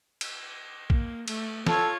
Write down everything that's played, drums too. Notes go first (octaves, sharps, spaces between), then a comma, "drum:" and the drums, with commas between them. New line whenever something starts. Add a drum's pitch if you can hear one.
drum: cymbal
A#3, drum: kick
A3, drum: cymbal
F4 A4 C#5, drum: snare